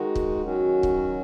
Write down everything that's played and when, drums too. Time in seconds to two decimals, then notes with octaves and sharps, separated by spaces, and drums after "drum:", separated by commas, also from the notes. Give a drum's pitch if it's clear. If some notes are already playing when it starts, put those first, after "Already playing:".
Already playing: D#3 G#3 D#4 F#4
0.15 drum: kick
0.41 D#3 F#3 C#4 F#4
0.83 drum: kick